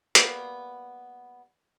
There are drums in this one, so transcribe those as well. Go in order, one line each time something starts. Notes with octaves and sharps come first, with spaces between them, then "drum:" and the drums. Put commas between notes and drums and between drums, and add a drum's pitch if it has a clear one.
G3 A#3 B3, drum: hi-hat